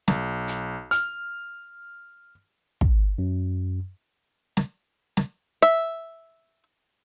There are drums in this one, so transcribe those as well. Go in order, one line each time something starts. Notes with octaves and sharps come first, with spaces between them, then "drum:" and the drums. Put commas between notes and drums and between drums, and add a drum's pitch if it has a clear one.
B1, drum: snare
drum: hi-hat
F6, drum: hi-hat
drum: kick
F#2
drum: snare
drum: snare
E5